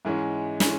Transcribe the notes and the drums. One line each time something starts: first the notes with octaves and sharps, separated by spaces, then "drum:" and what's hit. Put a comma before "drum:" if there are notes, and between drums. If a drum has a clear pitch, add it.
G#2 E3 G#3 C#4
E3 G#3 C#4, drum: snare